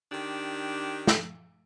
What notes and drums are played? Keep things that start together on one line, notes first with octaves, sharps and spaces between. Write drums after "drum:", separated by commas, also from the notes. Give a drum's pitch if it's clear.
D#3 D4 G4
drum: snare